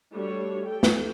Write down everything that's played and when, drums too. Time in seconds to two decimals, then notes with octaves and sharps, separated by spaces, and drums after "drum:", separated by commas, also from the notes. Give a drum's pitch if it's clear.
0.14 G3 A3 D4 F#4 C#5
0.66 G4 A4 G5
0.83 drum: snare